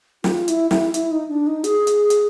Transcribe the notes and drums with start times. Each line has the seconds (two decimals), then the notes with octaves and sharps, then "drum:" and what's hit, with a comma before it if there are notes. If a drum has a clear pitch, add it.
0.24 F4, drum: snare
0.48 E4, drum: hi-hat
0.71 E4, drum: snare
0.94 E4, drum: hi-hat
1.11 D#4
1.29 D4
1.47 D#4
1.64 G#4, drum: hi-hat
1.87 drum: hi-hat
2.10 drum: hi-hat